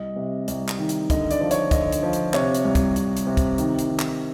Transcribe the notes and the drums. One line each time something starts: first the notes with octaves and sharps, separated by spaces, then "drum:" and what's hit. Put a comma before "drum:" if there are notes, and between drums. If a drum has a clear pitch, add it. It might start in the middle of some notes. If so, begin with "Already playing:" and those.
Already playing: C2 D#5
C3
C2, drum: hi-hat
drum: clap
D#3
drum: hi-hat
D3 D#5, drum: kick, hi-hat
D5, drum: hi-hat
F3
C#5, drum: hi-hat
D3 D#5, drum: kick, hi-hat
drum: hi-hat
F3
drum: hi-hat
C3 C#5, drum: clap
drum: hi-hat
C2
drum: kick, hi-hat
C3, drum: hi-hat
drum: hi-hat
C3
drum: kick, hi-hat
D#3, drum: hi-hat
drum: hi-hat
D#3
drum: clap